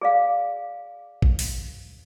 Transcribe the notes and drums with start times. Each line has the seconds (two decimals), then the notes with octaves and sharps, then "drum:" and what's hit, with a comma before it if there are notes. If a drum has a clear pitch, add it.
0.01 G#4 D5 F5
1.22 drum: kick
1.39 drum: open hi-hat